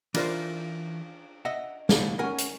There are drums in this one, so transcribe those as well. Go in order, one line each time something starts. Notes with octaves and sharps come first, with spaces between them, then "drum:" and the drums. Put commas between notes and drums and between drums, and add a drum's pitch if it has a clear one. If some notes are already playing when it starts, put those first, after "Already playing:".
E3 D4 F4 A#4 C5 D5, drum: cymbal
D#5 E5 F#5
D#2 B2, drum: snare
C#4 F4 A#4 F#5 G#5
drum: hi-hat